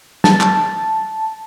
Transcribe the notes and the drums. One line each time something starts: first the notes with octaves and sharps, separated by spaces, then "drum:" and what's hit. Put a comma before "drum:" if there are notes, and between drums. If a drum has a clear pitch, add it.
A5, drum: snare
drum: clap